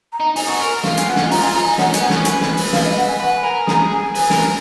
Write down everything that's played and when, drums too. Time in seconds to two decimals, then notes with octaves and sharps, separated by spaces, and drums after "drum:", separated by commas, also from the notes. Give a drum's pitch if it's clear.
0.13 A#5
0.20 D#4
0.36 D#4 G#5, drum: open hi-hat
0.48 F#4
0.60 A#4
0.84 F4, drum: snare
0.97 G#5, drum: hi-hat
1.07 B3 F#5
1.16 C#4, drum: snare
1.23 D#4
1.31 F4 A#5, drum: open hi-hat
1.42 G#5
1.54 D#4 A#5
1.66 G#5
1.78 C#4 F#5, drum: snare
1.94 B3, drum: hi-hat
2.02 G#5
2.10 C#4, drum: snare
2.25 B4 G#5, drum: hi-hat
2.41 drum: snare
2.57 drum: open hi-hat
2.73 F5, drum: snare
2.85 D#5
2.97 F#5
3.08 G#5
3.20 B4 F#5
3.44 A#4 G#5
3.67 G#4 A#5, drum: snare
3.91 G#5
4.15 B4, drum: open hi-hat
4.30 A#4, drum: snare